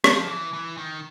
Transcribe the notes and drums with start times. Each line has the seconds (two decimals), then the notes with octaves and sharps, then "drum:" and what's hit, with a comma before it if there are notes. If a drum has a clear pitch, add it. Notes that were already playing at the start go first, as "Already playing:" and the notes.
0.04 F3, drum: rim click
0.28 E3
0.53 E3
0.77 D#3